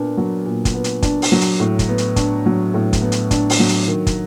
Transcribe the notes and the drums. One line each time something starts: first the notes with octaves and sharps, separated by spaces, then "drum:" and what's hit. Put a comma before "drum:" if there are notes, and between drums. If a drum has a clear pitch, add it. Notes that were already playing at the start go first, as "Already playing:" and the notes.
Already playing: A#2 B3 D4
F#3
A#2
drum: kick, hi-hat
B3
drum: hi-hat
D4, drum: kick, hi-hat
drum: open hi-hat
F#3
drum: hi-hat
A2
drum: kick, hi-hat
B3
drum: hi-hat
D4, drum: kick, hi-hat
F#3
A2
drum: kick, hi-hat
B3
drum: hi-hat
D4, drum: kick, hi-hat
drum: open hi-hat
F#3
drum: hi-hat
D#3
drum: kick, hi-hat